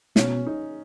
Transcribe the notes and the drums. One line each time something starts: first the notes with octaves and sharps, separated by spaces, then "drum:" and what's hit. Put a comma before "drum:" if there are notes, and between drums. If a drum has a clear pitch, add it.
B2 C#4, drum: snare
D#4